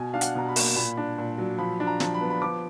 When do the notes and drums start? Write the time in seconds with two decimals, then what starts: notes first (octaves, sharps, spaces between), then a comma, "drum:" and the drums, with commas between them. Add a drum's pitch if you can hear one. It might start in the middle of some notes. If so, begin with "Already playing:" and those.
Already playing: B2 G#5
0.14 D4 F5
0.21 F#5, drum: hi-hat
0.35 B2 A#5
0.48 B5
0.56 A#3, drum: open hi-hat
0.76 A#2 B5
0.97 D4
1.18 A#2
1.38 F#3
1.58 F3 B5
1.80 D4
1.87 A#5
2.00 F3, drum: snare
2.14 B5
2.21 B3
2.30 B5
2.42 F3 D6